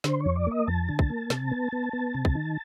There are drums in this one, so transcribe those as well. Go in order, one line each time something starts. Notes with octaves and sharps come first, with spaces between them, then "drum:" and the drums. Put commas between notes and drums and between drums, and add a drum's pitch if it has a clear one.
D3 C5, drum: snare
C#5
F2
D5
A#3 D#5
F2 A5
D3
drum: kick
A#3
C3, drum: snare
B3
B3
B3
C3
drum: kick
D#3